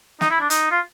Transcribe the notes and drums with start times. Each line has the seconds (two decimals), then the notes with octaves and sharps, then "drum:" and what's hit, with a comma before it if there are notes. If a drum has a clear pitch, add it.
0.21 D#4, drum: snare
0.30 E4
0.40 D4
0.50 D#4, drum: hi-hat
0.71 F4